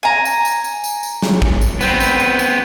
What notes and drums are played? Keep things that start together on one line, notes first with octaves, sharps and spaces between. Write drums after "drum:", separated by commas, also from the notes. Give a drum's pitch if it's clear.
G#5 A#5
drum: tambourine
drum: tambourine
drum: tambourine
drum: tambourine
drum: tambourine
drum: snare
drum: kick
drum: tambourine
B3 C4, drum: tambourine
drum: tambourine
drum: tambourine
drum: tambourine